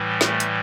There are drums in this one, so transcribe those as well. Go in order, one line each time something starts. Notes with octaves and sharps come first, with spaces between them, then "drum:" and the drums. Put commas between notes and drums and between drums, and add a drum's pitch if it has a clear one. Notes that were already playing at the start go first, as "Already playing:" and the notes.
Already playing: A2 E3 G3
A3, drum: snare
drum: hi-hat